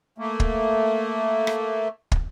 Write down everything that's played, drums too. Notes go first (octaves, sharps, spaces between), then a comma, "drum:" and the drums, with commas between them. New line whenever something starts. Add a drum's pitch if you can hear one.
A3 A#3
drum: kick
drum: rim click
drum: kick